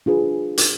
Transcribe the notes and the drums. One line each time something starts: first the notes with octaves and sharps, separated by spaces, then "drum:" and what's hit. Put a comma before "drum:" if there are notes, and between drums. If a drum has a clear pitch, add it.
D4 F4 G#4 B4
drum: hi-hat